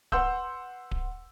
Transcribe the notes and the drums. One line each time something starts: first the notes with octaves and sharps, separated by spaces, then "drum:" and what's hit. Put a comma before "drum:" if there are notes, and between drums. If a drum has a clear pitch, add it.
B4 F#5 C6 E6 G6, drum: kick D1
drum: kick D1